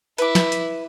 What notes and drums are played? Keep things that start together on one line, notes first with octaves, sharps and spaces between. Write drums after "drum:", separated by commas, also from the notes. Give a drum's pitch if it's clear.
E4 B4 D6, drum: hi-hat
drum: snare
drum: hi-hat